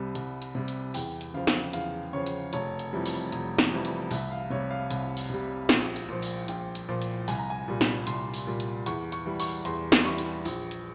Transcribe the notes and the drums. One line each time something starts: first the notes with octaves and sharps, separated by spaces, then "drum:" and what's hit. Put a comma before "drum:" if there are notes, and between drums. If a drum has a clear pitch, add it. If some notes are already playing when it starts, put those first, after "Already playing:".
Already playing: C2 C3 G3
C2, drum: hi-hat
drum: hi-hat
C3 G3
drum: hi-hat
E2 G5, drum: open hi-hat
drum: hi-hat
C#3 F3 F5
drum: snare
E2 F5, drum: hi-hat
C#3 F3 C#5
drum: hi-hat
F1 C#5, drum: hi-hat
drum: hi-hat
F2 E3 G3
drum: open hi-hat
F1, drum: hi-hat
drum: snare
F2 E3 G3
drum: hi-hat
C2 E5, drum: open hi-hat
F5
C3 G3 C#5
F5
C2, drum: hi-hat
drum: open hi-hat
C3 G3
A#1, drum: snare
drum: hi-hat
A#2 F3
drum: open hi-hat
A#1 G5, drum: hi-hat
drum: hi-hat
A#2 F3
drum: hi-hat
C2 G#5, drum: open hi-hat
A#5
G#5
A#2 G3
drum: snare
C2 C6, drum: hi-hat
drum: open hi-hat
A#2 G3
drum: hi-hat
E2 C#6, drum: hi-hat
C#6, drum: hi-hat
E3 G3
C#6, drum: open hi-hat
E2 C6, drum: hi-hat
drum: snare
E3 G3 C#6
drum: hi-hat
A#1, drum: open hi-hat
drum: hi-hat